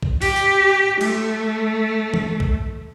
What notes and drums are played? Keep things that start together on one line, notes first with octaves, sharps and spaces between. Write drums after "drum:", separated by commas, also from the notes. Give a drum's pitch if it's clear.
drum: kick B1
G4, drum: open hi-hat
drum: tambourine
A3, drum: cymbal
drum: tom
drum: kick B1